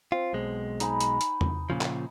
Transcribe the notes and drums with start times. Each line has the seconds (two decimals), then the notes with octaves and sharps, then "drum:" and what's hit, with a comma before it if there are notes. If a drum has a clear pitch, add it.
0.12 C4 F4
0.33 B1 B2 G#3
0.80 D#4 G#5 B5, drum: hi-hat
1.00 drum: hi-hat
1.21 drum: hi-hat
1.41 drum: tom E2
1.70 A#2 C#3 F3
1.81 drum: clap